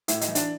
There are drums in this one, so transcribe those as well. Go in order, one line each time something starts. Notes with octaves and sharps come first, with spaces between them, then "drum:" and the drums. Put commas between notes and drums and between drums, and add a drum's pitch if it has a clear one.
A2 E4, drum: hi-hat
D#4, drum: hi-hat
E3
D4, drum: hi-hat